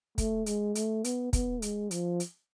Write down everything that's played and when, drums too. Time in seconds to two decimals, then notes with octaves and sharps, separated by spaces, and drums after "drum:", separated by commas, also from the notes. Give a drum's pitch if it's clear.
0.18 A3, drum: kick, hi-hat
0.46 G#3, drum: hi-hat
0.75 A3, drum: hi-hat
1.04 B3, drum: hi-hat
1.33 B3, drum: kick, hi-hat
1.62 G#3, drum: hi-hat
1.91 F3, drum: hi-hat
2.20 drum: hi-hat